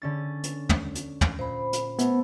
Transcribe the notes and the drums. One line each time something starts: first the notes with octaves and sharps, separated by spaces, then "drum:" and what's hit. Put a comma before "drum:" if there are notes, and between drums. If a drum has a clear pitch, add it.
D3 C#4 A6
drum: hi-hat
drum: tom
drum: hi-hat
drum: tom
A#2 C5 B5
drum: hi-hat
A3 B3, drum: hi-hat